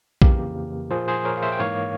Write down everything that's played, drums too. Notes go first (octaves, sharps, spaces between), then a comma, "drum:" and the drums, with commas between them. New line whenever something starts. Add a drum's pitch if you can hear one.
F2 C#3 E3 A#3 G4 A#4, drum: kick A#1
A#2 F3 A#3 G#4 C5
G#4 C5
A#4 C#5
F5
C5 E5
G5
G#2 E3 A#3 C#5 F5